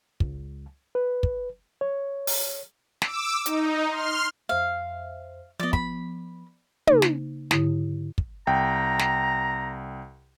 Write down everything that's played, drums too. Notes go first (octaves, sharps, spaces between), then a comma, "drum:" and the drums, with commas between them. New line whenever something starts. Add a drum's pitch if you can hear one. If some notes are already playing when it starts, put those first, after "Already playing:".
C#2, drum: kick
B4
drum: kick
C#5
drum: open hi-hat
D6 E6, drum: snare
D#4, drum: hi-hat
C6 F6
F2 C5 E5 F5
F3 B3 D5 D#5
B5, drum: kick
C#3 A#3 D#4, drum: tom
drum: snare
G#2 D3 E4, drum: snare
drum: kick
C2 G5 A#5
drum: snare